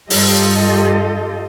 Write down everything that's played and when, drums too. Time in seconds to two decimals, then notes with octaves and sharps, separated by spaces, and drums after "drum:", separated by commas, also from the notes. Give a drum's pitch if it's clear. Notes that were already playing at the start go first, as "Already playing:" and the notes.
0.10 G2 F4 G4 A4 D#5, drum: open hi-hat